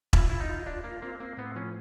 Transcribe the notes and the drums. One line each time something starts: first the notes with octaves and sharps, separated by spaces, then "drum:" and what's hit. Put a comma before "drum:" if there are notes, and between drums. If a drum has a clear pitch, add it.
E4 F4, drum: kick E1
E4 F4
D#4
F4
D4 F4
A#3 F4
A#3 C4
A#3 C4
A2 B3
F3 C#4